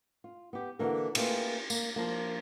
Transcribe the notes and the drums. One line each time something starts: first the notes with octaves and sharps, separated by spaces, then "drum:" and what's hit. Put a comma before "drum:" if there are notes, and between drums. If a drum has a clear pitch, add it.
F4
B3 G4
D3 E3 A#3 F#4 A#4
A3 A#3 C4 F4 G#4 B4, drum: cymbal
A#3, drum: tambourine
F3 A#3